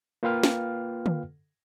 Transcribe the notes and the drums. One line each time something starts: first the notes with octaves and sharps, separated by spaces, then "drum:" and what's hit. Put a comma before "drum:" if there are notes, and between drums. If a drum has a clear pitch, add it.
A#3 F4 B4 F5 G5 F6
drum: snare
drum: tom D3